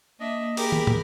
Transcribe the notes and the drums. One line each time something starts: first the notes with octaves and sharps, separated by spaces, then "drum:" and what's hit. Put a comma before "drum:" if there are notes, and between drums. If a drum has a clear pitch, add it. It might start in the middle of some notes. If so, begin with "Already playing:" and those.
A#3 D4 D#5 E5
G4 G#4 A#4 B5, drum: open hi-hat
drum: tom
drum: tom